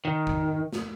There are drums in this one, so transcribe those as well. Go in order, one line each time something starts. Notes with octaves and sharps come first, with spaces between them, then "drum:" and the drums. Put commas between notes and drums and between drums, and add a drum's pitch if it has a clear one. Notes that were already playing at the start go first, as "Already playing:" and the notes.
D#3
drum: kick
drum: snare